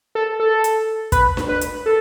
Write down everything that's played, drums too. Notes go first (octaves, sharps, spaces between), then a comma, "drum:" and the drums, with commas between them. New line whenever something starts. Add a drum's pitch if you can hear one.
A4
A4
drum: hi-hat
B4, drum: kick, hi-hat
drum: snare D4
B4
drum: hi-hat
A4